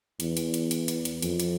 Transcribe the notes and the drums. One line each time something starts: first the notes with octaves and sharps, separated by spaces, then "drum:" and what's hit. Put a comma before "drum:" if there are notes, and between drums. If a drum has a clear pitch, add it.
E2, drum: hi-hat
drum: hi-hat
drum: hi-hat
drum: hi-hat
drum: hi-hat
drum: hi-hat
F2, drum: hi-hat
drum: hi-hat